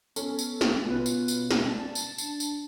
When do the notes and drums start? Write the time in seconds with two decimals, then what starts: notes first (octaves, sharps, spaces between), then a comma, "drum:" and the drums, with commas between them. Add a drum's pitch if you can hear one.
0.16 B3 C#4 A4, drum: tambourine
0.39 drum: tambourine
0.61 drum: snare
0.86 B2 F4 B4
1.06 drum: tambourine
1.28 drum: tambourine
1.51 drum: snare
1.68 D5 A5
1.95 drum: tambourine
2.18 D4, drum: tambourine
2.40 drum: tambourine